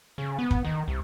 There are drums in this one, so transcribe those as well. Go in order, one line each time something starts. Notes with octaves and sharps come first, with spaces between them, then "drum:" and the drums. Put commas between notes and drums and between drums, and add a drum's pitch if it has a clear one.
C#3
B3
drum: kick
D#3
C2